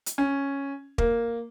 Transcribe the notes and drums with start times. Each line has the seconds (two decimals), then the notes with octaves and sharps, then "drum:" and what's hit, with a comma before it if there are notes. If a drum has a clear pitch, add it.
0.06 drum: hi-hat
0.18 C#4
0.98 A#3, drum: kick